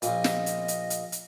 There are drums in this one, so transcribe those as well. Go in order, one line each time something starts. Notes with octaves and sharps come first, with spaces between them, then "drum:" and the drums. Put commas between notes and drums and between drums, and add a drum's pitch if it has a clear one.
A#1 A#2 D#5, drum: hi-hat
drum: snare
drum: hi-hat
drum: hi-hat
drum: hi-hat
drum: hi-hat